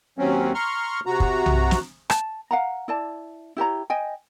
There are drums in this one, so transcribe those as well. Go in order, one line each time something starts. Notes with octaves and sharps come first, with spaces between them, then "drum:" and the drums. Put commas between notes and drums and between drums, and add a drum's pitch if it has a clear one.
D#2 F#3 C4 C#4
A#5 C6 C#6 F6
C3 F#4 A#5
drum: kick
drum: tom B1
drum: snare
A5, drum: rim click
F5 F#5 A#5
E4 D5 A5
E4 G4 C#5 A#5
D#5 G5 G#5